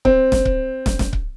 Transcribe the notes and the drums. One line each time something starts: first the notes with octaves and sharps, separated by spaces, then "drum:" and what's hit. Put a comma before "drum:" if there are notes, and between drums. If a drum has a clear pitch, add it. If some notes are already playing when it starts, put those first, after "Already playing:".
C4, drum: kick C#1
drum: snare
drum: kick C#1
drum: snare
drum: snare
drum: kick C#1